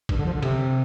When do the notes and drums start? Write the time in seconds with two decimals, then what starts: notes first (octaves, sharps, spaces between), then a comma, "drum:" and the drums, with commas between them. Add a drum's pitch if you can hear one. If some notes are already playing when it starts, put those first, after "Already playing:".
0.09 G2, drum: kick G#1, cymbal
0.18 D3
0.25 F3
0.34 D3
0.43 C3, drum: cymbal